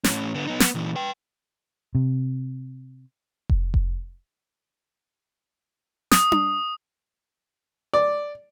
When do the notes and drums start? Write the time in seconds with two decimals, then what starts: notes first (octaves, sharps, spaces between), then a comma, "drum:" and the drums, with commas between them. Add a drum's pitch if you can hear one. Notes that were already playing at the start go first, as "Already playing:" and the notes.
0.04 A2 C#4, drum: snare
0.35 D3 B3
0.47 B3 D#4
0.60 B3, drum: snare
0.75 A#2 E3
0.96 B4 G5
1.95 C3
3.49 drum: kick F1
3.74 drum: kick F1
6.11 D#6, drum: snare
6.32 drum: tom D4
7.94 D5